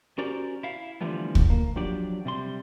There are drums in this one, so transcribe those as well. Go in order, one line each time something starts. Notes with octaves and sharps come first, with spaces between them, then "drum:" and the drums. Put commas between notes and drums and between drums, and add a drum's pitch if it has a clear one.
C#4 F#4 G4 A#4 C5 D5
E4 F5
D3 E3 F3 G3 A3 B3
drum: kick
A#3
F3 F#3 D4 G4 D5
C3 G3 C6